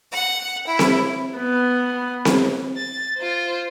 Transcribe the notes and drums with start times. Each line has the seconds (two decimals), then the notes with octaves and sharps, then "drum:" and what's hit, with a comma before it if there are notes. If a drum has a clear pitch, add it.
0.12 F#5
0.67 E4
0.79 drum: snare C4
1.38 B3
2.25 drum: snare C4
2.77 A6
3.17 F4 C5